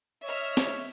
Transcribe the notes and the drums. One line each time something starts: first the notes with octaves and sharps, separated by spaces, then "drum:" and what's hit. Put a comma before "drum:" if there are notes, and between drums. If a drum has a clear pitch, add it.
C#5 D#5 E5 F6
drum: snare